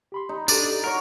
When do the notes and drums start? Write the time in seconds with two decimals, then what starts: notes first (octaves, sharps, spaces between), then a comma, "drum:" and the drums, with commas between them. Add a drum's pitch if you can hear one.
0.12 G4 B5 C6
0.29 D#4
0.48 D4 F#4 G4 A4 D5, drum: tambourine
0.84 F#4 A#4 C#5